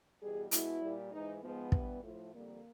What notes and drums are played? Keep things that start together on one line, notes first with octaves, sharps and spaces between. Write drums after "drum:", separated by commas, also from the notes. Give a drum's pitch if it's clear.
E2 B2 G3 G#4
B2 G#3 E4, drum: hi-hat
A#2 G3
G#2 E3 G#3 D#4
G#2 F3 G#3 B3
G2 E3 G3, drum: kick
A2 F3 A3
F2 D3 G3 A#3